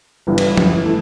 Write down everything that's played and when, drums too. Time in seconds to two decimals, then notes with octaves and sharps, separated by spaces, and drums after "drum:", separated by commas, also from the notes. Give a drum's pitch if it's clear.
0.27 G1 G2 E3 G3 B3
0.38 drum: cymbal
0.57 drum: tom F3
0.85 E3 A3